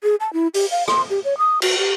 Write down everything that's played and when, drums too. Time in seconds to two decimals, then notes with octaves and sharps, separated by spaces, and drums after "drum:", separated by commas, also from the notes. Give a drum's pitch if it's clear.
0.03 G#4
0.20 A5
0.33 E4
0.54 G4, drum: open hi-hat
0.71 F5
0.88 C6, drum: rim click
1.10 G4
1.24 C#5
1.38 D#6
1.62 F#4, drum: cymbal
1.78 G4